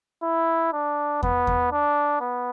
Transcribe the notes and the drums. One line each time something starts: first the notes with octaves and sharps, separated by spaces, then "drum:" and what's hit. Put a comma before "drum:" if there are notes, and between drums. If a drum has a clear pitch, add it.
E4
D4
B3, drum: kick E2
drum: kick E2
D4
B3